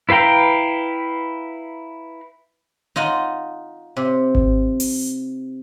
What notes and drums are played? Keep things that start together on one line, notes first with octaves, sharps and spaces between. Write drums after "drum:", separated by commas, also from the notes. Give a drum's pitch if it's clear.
E4 B4 F5 G5 A#5
D#4 F4 D#5 F#5
C3
drum: kick G#1
drum: open hi-hat